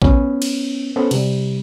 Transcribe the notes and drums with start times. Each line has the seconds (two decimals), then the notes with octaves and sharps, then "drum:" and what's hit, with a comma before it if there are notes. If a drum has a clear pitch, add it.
0.02 B3 C#4, drum: kick B1
0.42 drum: cymbal
0.96 B3 C#4 A4 C5
1.11 C3 G3, drum: cymbal